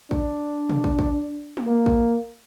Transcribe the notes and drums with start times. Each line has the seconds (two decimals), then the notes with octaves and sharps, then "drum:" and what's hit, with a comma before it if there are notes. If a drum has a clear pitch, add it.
0.11 D4, drum: kick
0.69 drum: tom
0.84 drum: kick
0.99 drum: kick
1.57 drum: tom
1.67 A#3
1.86 drum: kick